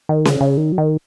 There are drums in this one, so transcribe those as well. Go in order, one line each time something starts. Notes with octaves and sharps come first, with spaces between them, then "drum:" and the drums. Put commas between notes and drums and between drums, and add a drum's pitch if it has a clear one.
D#3
C#3, drum: snare C#4
C#3
D#3
F#3
D#3